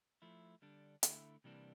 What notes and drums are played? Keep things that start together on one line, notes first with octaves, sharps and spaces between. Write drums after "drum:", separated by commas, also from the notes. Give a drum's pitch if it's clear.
F3 A3 E4
D3 G3 D4
D3 A3 E4, drum: hi-hat
C3 E3 G3 A#3 D4